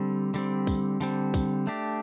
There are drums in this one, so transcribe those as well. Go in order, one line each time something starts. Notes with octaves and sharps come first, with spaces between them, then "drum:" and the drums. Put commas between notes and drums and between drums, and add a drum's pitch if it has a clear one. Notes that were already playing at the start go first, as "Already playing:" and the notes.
Already playing: D3 G3 C4
D3 G3 C4, drum: tambourine
drum: kick, tambourine
D3 G3 C4, drum: tambourine
drum: kick, tambourine
A3 D4 G4